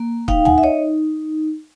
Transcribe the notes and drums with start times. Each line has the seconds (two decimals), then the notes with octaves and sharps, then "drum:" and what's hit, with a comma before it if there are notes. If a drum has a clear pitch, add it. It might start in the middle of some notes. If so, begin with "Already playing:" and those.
Already playing: A#3
0.28 D#4 F5 G5, drum: kick
0.45 F#5 G#5, drum: tom
0.58 E5
0.63 D#4 C#5 D#5